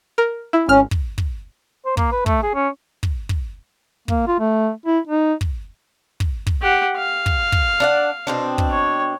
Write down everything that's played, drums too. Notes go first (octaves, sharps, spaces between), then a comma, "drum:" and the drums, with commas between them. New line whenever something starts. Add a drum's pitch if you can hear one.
A#4
E4
G#1 C#4 F6
drum: kick
drum: kick
C5
A#3, drum: kick
B4
A3, drum: kick
G#4
C#4
drum: kick
drum: kick
A#3, drum: kick
F4
A3
E4
D#4
drum: kick
drum: kick
drum: kick
G4 F#5
F5
drum: kick
drum: kick
D4 D5 F#5
B2 C4 D4
drum: kick
C#5